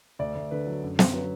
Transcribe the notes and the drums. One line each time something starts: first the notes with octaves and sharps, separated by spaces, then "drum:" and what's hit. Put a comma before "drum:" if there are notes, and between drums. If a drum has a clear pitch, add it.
D2 D5
D2
D3 B4
F#3
F#2
F#2, drum: snare
F#3 B4